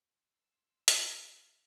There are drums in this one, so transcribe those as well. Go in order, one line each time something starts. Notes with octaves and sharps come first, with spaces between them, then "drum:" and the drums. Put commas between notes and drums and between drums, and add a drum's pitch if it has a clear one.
C6 E6
drum: hi-hat